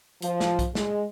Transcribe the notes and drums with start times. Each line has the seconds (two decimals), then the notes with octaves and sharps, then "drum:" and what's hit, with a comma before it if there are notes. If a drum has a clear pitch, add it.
0.22 F3, drum: hi-hat
0.40 drum: snare
0.59 drum: kick, hi-hat
0.75 G#3, drum: snare